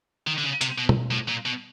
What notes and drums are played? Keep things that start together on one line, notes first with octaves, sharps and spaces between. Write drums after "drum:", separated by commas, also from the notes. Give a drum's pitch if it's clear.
D#3
D3
C#3
C3, drum: hi-hat
B2
drum: tom B2
A2
A#2
B2